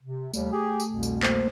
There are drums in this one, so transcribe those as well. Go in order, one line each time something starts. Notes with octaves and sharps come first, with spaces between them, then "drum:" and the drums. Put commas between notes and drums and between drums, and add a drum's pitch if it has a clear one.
C3
D#2 G3 A3, drum: tambourine
G4 G#4
drum: tambourine
C2 F2 B2
drum: tambourine
A3 A#3 C5, drum: clap